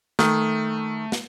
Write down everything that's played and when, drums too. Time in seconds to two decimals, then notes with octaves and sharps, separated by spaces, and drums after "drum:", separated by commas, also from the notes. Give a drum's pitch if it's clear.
0.19 D#3 A3, drum: snare
1.12 drum: snare